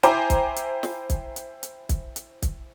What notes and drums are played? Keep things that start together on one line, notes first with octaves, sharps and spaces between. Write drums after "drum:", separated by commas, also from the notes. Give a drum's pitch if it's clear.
E4 C5 G5 G#5 A#5 D6, drum: hi-hat
drum: kick, hi-hat
drum: hi-hat
drum: snare
drum: kick, hi-hat
drum: hi-hat
drum: hi-hat
drum: kick, hi-hat
drum: hi-hat
drum: kick, hi-hat